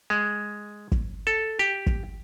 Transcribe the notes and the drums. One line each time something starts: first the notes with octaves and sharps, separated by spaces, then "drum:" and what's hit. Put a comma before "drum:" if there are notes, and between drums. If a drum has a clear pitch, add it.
G#3
drum: kick
A4
G4
drum: kick